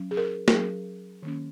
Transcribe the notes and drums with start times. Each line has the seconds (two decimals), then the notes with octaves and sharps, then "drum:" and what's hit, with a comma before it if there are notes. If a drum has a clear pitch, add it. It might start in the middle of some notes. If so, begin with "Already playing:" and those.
Already playing: F#3 C#4
0.11 G#4
0.17 A#4
0.48 A#4, drum: snare
0.52 F#3 C#4 G#4
1.22 D#3 A#3 C#4